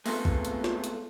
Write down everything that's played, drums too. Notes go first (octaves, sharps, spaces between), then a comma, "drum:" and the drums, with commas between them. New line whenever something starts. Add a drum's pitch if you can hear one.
G#3 A3 B3 C4 F4 A4, drum: open hi-hat
drum: kick
drum: hi-hat
drum: snare
drum: hi-hat